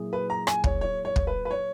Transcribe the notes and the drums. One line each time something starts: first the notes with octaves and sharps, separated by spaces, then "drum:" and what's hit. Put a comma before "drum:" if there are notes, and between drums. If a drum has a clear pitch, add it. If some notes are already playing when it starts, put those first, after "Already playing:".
Already playing: A#2 F#3 A#3 E4 G#4
B4
A#5
G#5, drum: rim click
C#5, drum: kick
C#5
C#5
drum: kick
B4
B4
C#5